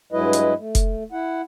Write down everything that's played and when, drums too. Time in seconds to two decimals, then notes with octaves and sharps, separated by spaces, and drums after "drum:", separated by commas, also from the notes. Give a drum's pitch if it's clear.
0.12 G2 F#3 G#3 E4 B4 D#5
0.33 drum: hi-hat
0.58 A3
0.75 drum: kick F1, hi-hat
1.12 E4 F#5